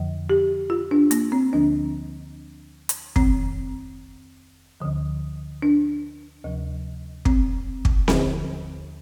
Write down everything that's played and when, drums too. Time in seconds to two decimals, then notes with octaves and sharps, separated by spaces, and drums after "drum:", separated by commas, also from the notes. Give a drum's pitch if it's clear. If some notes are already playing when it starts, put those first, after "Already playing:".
Already playing: F2 D3 F3
0.30 G4
0.70 F4
0.91 D4
1.11 A#3, drum: hi-hat
1.32 C4
1.53 D2 D3 F3 D4
2.89 drum: hi-hat
3.16 F2 D#3 C4, drum: kick
4.80 D2 D3 F3
5.62 D4
6.44 D2 C3 F3
7.25 C4, drum: kick
7.85 drum: kick
8.08 D#2 D3 F3, drum: snare C4